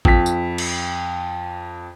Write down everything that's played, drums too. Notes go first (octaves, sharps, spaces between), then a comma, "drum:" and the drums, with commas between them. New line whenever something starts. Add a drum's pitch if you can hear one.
F2 B6, drum: kick
drum: tambourine
drum: cymbal